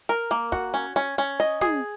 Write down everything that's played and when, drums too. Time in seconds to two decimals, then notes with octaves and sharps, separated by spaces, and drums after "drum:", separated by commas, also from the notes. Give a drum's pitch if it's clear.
0.09 A#4
0.31 A#3
0.52 F#4, drum: kick
0.74 C#4
0.96 C#4
1.18 C#4
1.40 D#5
1.61 G#4, drum: tom